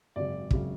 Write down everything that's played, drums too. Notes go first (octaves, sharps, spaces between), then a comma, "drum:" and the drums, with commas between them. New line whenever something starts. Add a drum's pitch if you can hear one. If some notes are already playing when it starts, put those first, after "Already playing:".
G#1 F#2 C#3 D5
G#1 F#2 C#3, drum: kick